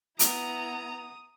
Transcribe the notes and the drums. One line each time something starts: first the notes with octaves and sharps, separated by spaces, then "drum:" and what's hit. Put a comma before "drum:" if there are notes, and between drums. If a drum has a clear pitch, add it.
B3 E4 A#5 D#6, drum: hi-hat